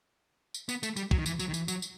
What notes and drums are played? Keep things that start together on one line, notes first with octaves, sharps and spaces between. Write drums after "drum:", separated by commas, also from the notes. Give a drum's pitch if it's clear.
drum: tambourine
B3, drum: tambourine
A3, drum: tambourine
G3, drum: tambourine
F#3, drum: kick
D#3
E3, drum: tambourine
F#3, drum: tambourine
D#3
E3, drum: tambourine
F#3, drum: tambourine
drum: tambourine